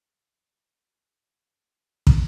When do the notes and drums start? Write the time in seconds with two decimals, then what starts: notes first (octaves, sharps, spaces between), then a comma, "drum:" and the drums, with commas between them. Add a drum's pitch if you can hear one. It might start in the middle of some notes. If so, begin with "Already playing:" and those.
Already playing: A2 F#3 A3 D6
0.17 C#6
0.27 A5
0.36 B5
0.46 C#6
0.55 B5
0.64 A5
0.74 G#5
0.83 F#5
1.30 C#3 G#3 D4 F5
1.50 C#5
1.69 C#5
2.07 drum: kick